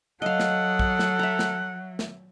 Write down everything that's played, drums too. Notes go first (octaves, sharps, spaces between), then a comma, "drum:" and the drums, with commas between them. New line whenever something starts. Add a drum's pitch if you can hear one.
F#3 A4 D#5 F5 F#5
drum: snare
drum: kick
drum: snare
E5 A#5
drum: snare
drum: snare